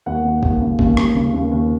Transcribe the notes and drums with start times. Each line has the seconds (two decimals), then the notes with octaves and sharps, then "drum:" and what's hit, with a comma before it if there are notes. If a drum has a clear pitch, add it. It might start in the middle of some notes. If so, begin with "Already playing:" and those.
0.06 D#2 F#5
0.24 D#2
0.43 D#2, drum: kick G1
0.60 C#3
0.79 D#2, drum: kick G1
0.97 D#2, drum: rim click
1.15 C#3
1.33 D#2
1.51 D#2